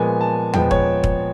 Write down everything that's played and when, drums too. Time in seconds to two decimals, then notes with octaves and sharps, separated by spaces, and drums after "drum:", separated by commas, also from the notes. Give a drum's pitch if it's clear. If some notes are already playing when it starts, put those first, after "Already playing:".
Already playing: A#2 F3 G#3 B3 G#5
0.21 A5
0.54 A#2 F3 G#3 B3 G5, drum: tom E2
0.71 C#5, drum: kick
1.04 drum: kick